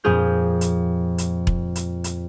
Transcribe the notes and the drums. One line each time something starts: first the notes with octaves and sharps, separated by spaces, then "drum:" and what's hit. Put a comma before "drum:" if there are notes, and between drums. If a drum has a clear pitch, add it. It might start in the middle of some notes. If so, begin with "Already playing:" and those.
F2 A#2 C4 G#4 F6 G6
drum: hi-hat
drum: hi-hat
drum: kick E1
drum: hi-hat
drum: hi-hat